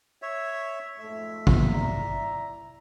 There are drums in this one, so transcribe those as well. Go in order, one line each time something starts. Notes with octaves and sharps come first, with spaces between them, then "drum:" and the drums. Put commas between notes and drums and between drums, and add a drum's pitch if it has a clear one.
C#5 E5
F2 G#2 A3 E5
drum: kick
E4 D5 A#5